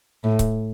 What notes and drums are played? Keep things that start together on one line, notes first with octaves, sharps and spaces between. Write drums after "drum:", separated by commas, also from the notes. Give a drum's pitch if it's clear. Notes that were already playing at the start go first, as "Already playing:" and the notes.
A2
drum: kick C#1, hi-hat